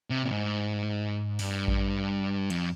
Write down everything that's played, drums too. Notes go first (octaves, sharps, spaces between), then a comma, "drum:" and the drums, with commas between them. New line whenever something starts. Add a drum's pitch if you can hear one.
C3
A#2
G#2
G2, drum: open hi-hat
drum: kick A1
F2, drum: cymbal